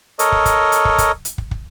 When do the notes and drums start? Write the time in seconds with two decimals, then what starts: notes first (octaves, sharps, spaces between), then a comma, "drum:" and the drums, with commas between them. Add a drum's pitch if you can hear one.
0.19 A4 A#4 C#5 D#5, drum: hi-hat
0.32 drum: kick
0.46 drum: kick, hi-hat
0.72 drum: hi-hat
0.85 drum: kick
0.98 drum: kick, hi-hat
1.25 drum: hi-hat
1.38 drum: kick
1.51 drum: kick